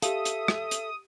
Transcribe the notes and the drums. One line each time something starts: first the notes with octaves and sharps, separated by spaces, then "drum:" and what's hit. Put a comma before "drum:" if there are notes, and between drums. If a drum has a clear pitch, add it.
G4 A4 E5 F5 D#6, drum: hi-hat
drum: hi-hat
drum: rim click
drum: hi-hat